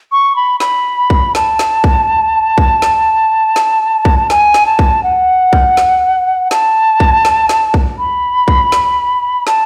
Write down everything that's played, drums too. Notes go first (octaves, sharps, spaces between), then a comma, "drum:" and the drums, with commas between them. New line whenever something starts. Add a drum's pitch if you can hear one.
C#6
B5
B5, drum: snare
drum: kick B1
A5, drum: snare
drum: snare
drum: kick B1
drum: kick B1
drum: snare
drum: snare
drum: kick B1
G#5, drum: snare
drum: snare
A5
drum: kick B1
F#5
drum: kick B1
drum: snare
A5, drum: snare
drum: kick B1
drum: snare
drum: snare
drum: kick B1
B5
drum: kick B1
drum: snare
A5, drum: snare